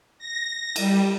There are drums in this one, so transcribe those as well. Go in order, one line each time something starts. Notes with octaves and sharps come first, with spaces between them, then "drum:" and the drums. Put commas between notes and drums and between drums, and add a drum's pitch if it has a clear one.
A#6
G3, drum: cymbal